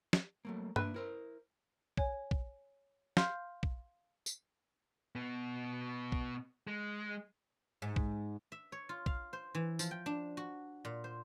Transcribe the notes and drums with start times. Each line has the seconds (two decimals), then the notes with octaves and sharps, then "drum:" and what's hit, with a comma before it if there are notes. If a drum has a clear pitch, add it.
0.13 drum: snare
0.45 F#3 A3 A#3
0.76 A#3 D4 B4 E5, drum: tom G2
0.94 E4 A#4 C5
1.97 C#5 G#5, drum: kick
2.31 drum: kick
3.17 F5 C6 F6 G6, drum: snare
3.63 drum: kick
4.26 drum: tambourine
5.15 B2 B3
6.12 drum: kick
6.67 G#3
7.82 G#2
7.96 drum: kick
8.52 E5
8.72 C#5
8.89 F4
9.06 F5, drum: kick
9.33 C5
9.55 E3
9.79 F3, drum: tambourine
9.91 G5
10.06 D4
10.37 F#4
10.85 A#2
11.04 C5